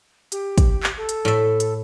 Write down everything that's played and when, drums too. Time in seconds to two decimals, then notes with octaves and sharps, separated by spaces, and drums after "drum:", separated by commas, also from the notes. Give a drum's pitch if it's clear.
0.32 G4, drum: hi-hat
0.58 drum: kick, hi-hat
0.83 drum: clap
0.97 A4
1.09 drum: hi-hat
1.25 A2 E5
1.60 drum: hi-hat